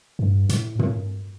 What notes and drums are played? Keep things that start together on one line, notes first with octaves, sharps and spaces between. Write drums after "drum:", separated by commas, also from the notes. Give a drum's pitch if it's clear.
G2
A2, drum: hi-hat
A2, drum: tom